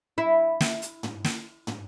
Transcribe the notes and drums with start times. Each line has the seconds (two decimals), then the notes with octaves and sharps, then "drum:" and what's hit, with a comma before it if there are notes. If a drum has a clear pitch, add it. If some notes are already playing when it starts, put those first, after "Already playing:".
0.18 E4
0.60 drum: snare
0.82 drum: hi-hat
1.03 drum: tom
1.24 drum: snare
1.67 drum: tom